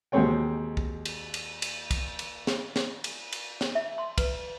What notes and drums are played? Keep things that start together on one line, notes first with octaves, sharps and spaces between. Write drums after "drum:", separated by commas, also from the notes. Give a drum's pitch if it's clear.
D#2 B2 G#3 C4 C#5 G5
drum: kick
drum: cymbal
drum: cymbal
drum: cymbal
drum: kick, cymbal
drum: cymbal
drum: snare
drum: snare
drum: cymbal
drum: cymbal
drum: snare
E5
C6
B4, drum: kick, cymbal